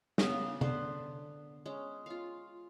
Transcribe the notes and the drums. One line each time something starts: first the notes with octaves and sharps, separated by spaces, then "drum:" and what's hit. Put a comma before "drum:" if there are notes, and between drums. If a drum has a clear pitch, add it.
C#3 A#3 B3, drum: snare
D3 B3 B4 C5, drum: tom C3
G#3 C#4
F4 F5